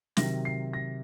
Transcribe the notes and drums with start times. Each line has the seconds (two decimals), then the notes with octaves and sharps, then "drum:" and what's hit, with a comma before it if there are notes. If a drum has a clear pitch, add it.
0.17 C3 D#3 F#3 A#6, drum: snare
0.45 C7
0.73 A#6